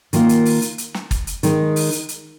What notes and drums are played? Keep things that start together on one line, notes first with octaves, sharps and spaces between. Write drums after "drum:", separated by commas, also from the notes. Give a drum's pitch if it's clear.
D#3 A#3 F4, drum: hi-hat
drum: hi-hat
drum: open hi-hat
drum: hi-hat
drum: hi-hat
drum: snare
drum: kick, hi-hat
drum: hi-hat
D#3 G#3 D#4, drum: hi-hat
drum: open hi-hat
drum: hi-hat
drum: hi-hat